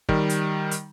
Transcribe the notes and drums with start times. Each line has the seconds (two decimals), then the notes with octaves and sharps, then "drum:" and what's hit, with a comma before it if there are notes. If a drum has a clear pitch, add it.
0.09 D#3 G3, drum: kick
0.30 drum: hi-hat
0.71 drum: hi-hat